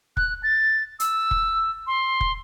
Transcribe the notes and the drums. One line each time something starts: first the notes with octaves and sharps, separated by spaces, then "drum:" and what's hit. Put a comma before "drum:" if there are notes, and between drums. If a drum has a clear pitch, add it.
F#6, drum: kick
A6
E6, drum: hi-hat
drum: kick
C6
drum: kick